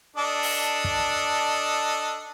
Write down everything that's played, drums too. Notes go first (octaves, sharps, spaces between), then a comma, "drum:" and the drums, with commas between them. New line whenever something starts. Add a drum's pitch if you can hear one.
D4 A4 D#5
drum: open hi-hat
drum: kick